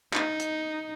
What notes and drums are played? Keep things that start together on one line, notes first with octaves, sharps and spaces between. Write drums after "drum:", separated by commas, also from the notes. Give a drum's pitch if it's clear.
D#4, drum: clap
drum: hi-hat